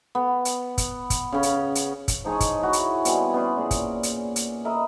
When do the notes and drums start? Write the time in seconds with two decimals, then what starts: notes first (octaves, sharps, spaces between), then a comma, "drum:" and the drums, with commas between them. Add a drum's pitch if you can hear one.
0.15 B3
0.45 drum: hi-hat
0.78 drum: kick, hi-hat
1.10 drum: kick, hi-hat
1.32 C#3 C#4
1.43 drum: hi-hat
1.75 drum: hi-hat
2.08 drum: kick, hi-hat
2.24 F3 D#4 G#4 C#5
2.40 drum: kick, hi-hat
2.60 E4 F#4
2.73 drum: hi-hat
3.05 B2 G3 C4 G#5, drum: hi-hat
3.34 B3 C#4 C5 D5
3.56 A#2 G#4
3.71 drum: kick, hi-hat
4.03 drum: hi-hat
4.36 drum: hi-hat
4.65 A#4 D#5 E5 B5